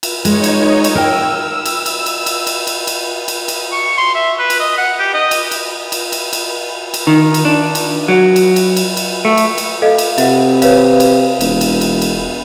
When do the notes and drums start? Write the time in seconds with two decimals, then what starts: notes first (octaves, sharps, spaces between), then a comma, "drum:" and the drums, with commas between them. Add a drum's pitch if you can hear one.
0.03 drum: cymbal
0.25 G#3 D#4 C#5, drum: cymbal
0.44 drum: cymbal
0.84 drum: cymbal
0.95 A#4 G5 E6
1.65 drum: cymbal
1.86 drum: cymbal
2.06 drum: cymbal
2.26 drum: cymbal
2.47 drum: cymbal
2.67 drum: cymbal
2.87 drum: cymbal
3.28 drum: cymbal
3.48 drum: cymbal
3.72 C#6
3.98 C6
4.15 E5
4.39 B4
4.50 drum: cymbal
4.60 D#5
4.78 F#5
4.99 G4
5.14 D#5
5.31 drum: cymbal
5.51 drum: cymbal
5.92 drum: cymbal
6.12 drum: cymbal
6.33 drum: cymbal
6.94 drum: cymbal
7.07 D#3
7.34 drum: cymbal
7.45 D4
7.75 drum: cymbal
8.08 F#3
8.36 drum: cymbal
8.56 drum: cymbal
8.77 drum: cymbal
8.97 drum: cymbal
9.25 A3
9.37 drum: cymbal
9.58 drum: cymbal
9.82 A4 D#5 F5
9.98 drum: cymbal
10.18 C3 E5 F#5, drum: cymbal
10.62 B4 C#5 F5, drum: cymbal
11.00 drum: cymbal
11.41 E1, drum: cymbal
11.61 drum: cymbal
11.81 drum: cymbal
12.02 drum: cymbal